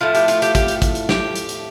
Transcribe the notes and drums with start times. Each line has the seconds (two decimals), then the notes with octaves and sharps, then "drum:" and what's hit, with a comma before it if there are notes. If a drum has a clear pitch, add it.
0.01 A2 F3 A3 F4
0.15 G4, drum: hi-hat
0.28 F4, drum: hi-hat
0.42 G4, drum: hi-hat
0.55 G4, drum: kick, hi-hat
0.68 drum: hi-hat
0.82 drum: kick, hi-hat
0.95 drum: hi-hat
1.09 G4, drum: snare
1.36 drum: hi-hat
1.49 drum: hi-hat